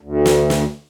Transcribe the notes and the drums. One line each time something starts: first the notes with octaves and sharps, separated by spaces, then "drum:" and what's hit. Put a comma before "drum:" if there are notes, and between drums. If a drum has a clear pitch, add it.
D2
drum: snare
drum: snare